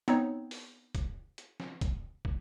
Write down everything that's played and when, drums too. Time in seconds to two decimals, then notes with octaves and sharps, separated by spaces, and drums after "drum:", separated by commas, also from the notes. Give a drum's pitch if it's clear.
0.08 B3 C4 D#4 C#5, drum: hi-hat
0.51 drum: open hi-hat
0.95 drum: kick, hi-hat
1.38 drum: hi-hat
1.60 drum: snare
1.81 drum: kick, hi-hat
2.25 drum: kick